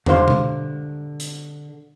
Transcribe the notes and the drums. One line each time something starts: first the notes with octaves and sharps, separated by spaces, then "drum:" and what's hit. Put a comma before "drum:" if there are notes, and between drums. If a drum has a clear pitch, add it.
D3 G4 C5 F5 C6, drum: tom
drum: tom B2
drum: hi-hat